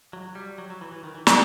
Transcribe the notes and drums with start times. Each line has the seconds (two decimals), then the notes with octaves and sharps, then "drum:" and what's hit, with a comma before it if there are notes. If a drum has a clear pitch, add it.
0.13 F#3
0.35 G3
0.58 F#3
0.70 F#3
0.81 E3
0.92 E3
1.04 D#3
1.15 E3
1.27 F#3, drum: snare